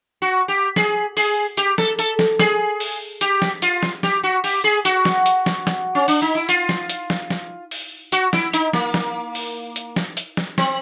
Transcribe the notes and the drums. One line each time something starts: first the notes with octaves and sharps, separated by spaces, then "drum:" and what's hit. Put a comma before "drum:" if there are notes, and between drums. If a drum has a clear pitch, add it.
F#4
G4
G#4, drum: snare
G#4, drum: open hi-hat
G4, drum: hi-hat
A4, drum: snare
A4, drum: hi-hat
drum: snare
G#4, drum: snare
drum: open hi-hat
G4, drum: hi-hat
drum: snare
F4, drum: hi-hat
drum: snare
G4, drum: snare
F#4
G4, drum: open hi-hat
G#4
F#4, drum: hi-hat
drum: snare
drum: hi-hat
drum: snare
drum: snare
C#4
D4, drum: open hi-hat
D#4
E4
F4, drum: hi-hat
drum: snare
drum: hi-hat
drum: snare
drum: snare
drum: open hi-hat
F#4, drum: hi-hat
E4, drum: snare
D#4, drum: hi-hat
A#3, drum: snare
drum: snare
drum: open hi-hat
drum: hi-hat
drum: snare
drum: hi-hat
drum: snare
C4, drum: snare